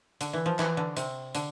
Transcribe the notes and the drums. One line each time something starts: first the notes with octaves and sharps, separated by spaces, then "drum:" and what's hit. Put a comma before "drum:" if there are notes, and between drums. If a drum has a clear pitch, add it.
D3, drum: hi-hat
E3
F3
E3, drum: clap
D3
C3, drum: hi-hat
D3, drum: hi-hat